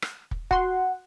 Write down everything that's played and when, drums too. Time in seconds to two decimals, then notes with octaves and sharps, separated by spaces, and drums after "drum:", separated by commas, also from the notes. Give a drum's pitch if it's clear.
0.02 drum: rim click
0.31 drum: kick
0.51 F#4 F#5 C6, drum: kick